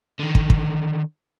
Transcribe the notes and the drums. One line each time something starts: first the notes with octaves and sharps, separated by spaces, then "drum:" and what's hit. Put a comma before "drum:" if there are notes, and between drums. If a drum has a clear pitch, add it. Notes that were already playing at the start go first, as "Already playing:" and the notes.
D3 D#3
drum: kick
drum: kick